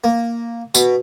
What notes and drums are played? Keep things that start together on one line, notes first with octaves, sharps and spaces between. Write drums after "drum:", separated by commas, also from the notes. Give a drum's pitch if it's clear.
A#3
B2, drum: tambourine